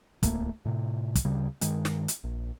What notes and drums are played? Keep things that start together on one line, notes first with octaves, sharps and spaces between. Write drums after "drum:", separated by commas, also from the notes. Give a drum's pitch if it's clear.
D1 C2 A3 A#3, drum: kick, hi-hat
A2 C3
drum: kick, hi-hat
D2 C#3 G3
G2 D#3 G#3, drum: hi-hat
drum: snare
drum: hi-hat
A#1